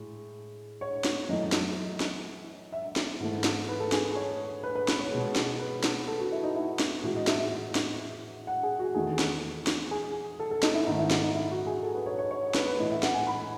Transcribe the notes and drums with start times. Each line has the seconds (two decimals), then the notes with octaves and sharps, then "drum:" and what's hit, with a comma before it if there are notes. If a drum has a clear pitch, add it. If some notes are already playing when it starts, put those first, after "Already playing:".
Already playing: A2 G#3
0.81 C#5
1.05 drum: snare
1.29 F#2 E3 A3 D#5
1.52 drum: snare
2.00 drum: snare
2.72 E5
2.96 drum: snare
3.20 G#2 E3 A3
3.44 drum: snare
3.69 B4
3.80 A4
3.92 G#4, drum: snare
4.15 C#5
4.63 B4
4.75 B4
4.88 B4, drum: snare
4.99 C#5
5.12 B2 G#3
5.36 drum: snare
5.59 B4
5.84 drum: snare
6.08 A4
6.20 F#4
6.32 E4
6.43 D#4
6.56 E4
6.80 drum: snare
7.03 A2 E3 G#3 F#4
7.16 D#5
7.27 E5, drum: snare
7.39 E5
7.75 drum: snare
8.47 F#5
8.63 G#4
8.79 F#4
8.95 E2 D#3 A3 G#4
9.19 drum: snare
9.67 drum: snare
9.91 G#4
10.39 A4
10.51 A4
10.63 D#4, drum: snare
10.74 E4
10.86 G#2 D#3 A3 D#4
10.99 E4
11.11 drum: snare
11.23 D#4
11.35 E4
11.51 F#4
11.67 G#4
11.83 A4
11.95 B4
12.06 C#5
12.18 C#5
12.31 C#5
12.55 B4, drum: snare
12.66 B4
12.78 A2 E3 A3 D#5
12.90 E5
13.03 F#5, drum: snare
13.14 G#5
13.27 B5